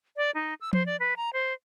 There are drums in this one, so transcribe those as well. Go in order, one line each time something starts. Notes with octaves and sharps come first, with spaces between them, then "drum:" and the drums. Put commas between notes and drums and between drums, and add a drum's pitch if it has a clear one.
D5
D#4
E6
C5, drum: tom F3
D5
B4
A#5
C5